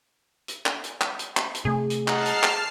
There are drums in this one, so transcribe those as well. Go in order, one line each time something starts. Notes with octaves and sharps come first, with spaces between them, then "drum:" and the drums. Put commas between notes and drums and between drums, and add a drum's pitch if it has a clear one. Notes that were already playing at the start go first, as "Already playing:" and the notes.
drum: hi-hat
drum: clap
drum: hi-hat
drum: clap
drum: hi-hat
drum: clap
drum: hi-hat
C3 A3 G#4
drum: hi-hat
D#5 F#5 A5 A#5 F6 C7, drum: clap
drum: hi-hat
drum: clap